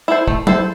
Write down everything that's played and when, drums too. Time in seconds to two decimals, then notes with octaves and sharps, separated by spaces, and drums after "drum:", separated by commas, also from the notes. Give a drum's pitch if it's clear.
0.08 E4 A4 C5
0.27 A3, drum: kick
0.47 E4 A4 C5, drum: tom